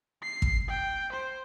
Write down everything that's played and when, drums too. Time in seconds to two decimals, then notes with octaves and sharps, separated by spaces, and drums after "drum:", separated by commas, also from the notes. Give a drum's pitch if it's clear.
0.23 C7
0.42 drum: kick
0.69 G5
1.13 C5